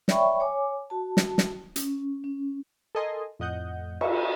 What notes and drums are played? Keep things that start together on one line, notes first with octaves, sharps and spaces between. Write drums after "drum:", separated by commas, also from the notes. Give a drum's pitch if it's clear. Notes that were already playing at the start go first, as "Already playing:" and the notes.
C#5 D5 E5 G5 B5 C#6, drum: snare
C#5 G#5 D6
F#4 A5
drum: snare
drum: snare
C#4, drum: hi-hat
C#4
A4 A#4 D#5 G#5 C6
F2 A2 D#5 F#5 G6
C#6, drum: cymbal